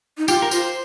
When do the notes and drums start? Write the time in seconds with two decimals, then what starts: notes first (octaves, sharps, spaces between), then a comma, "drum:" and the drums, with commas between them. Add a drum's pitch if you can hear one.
0.18 D#4
0.28 F4 G4, drum: tambourine
0.42 A#4
0.51 F4 C5, drum: tambourine